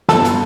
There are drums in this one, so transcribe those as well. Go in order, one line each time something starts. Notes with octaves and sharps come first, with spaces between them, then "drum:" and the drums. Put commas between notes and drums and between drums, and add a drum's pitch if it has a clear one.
G1 A4, drum: snare
drum: hi-hat